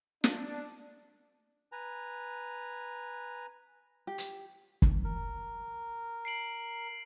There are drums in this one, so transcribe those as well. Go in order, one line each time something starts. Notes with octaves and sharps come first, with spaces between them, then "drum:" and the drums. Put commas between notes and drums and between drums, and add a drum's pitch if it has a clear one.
D4, drum: snare
B4 G#5 A#5
G4
drum: hi-hat
drum: kick
A#4
C7 D7 F#7